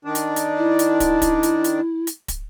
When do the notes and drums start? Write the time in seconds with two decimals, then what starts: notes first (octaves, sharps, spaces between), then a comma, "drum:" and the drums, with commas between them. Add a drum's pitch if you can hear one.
0.05 D#3 D4
0.15 drum: hi-hat
0.36 drum: hi-hat
0.58 E4
0.79 drum: hi-hat
1.00 drum: kick, hi-hat
1.22 drum: kick, hi-hat
1.43 drum: hi-hat
1.64 drum: hi-hat
2.07 drum: hi-hat
2.28 drum: kick, hi-hat